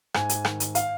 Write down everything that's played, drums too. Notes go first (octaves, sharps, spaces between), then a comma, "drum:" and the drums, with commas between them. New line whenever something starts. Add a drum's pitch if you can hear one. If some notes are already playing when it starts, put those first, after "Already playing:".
G#2 G#5, drum: rim click
drum: hi-hat
D#3, drum: rim click
drum: hi-hat
F5, drum: hi-hat